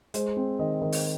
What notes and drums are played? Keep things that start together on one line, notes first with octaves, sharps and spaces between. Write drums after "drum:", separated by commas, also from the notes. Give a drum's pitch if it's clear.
G#3 C5, drum: hi-hat
C4 C5
D#3 D#5
D#3 D#5
drum: open hi-hat